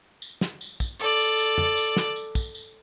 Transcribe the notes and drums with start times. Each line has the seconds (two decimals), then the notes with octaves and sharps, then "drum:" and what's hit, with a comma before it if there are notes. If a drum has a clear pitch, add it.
0.22 drum: tambourine
0.41 drum: snare
0.61 drum: tambourine
0.80 drum: kick, tambourine
1.00 A4 D5, drum: tambourine
1.19 drum: tambourine
1.38 drum: tambourine
1.58 drum: tom
1.77 drum: tambourine
1.97 drum: snare
2.16 drum: tambourine
2.35 drum: kick, tambourine
2.55 drum: tambourine